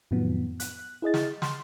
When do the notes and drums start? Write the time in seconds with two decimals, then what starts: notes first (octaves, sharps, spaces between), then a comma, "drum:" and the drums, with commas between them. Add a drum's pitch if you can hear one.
0.11 F2 A2 D#3 F3 F#3 B3
0.60 F#6, drum: hi-hat
1.02 E4 G#4 D#5 A6
1.14 drum: snare
1.42 C6, drum: snare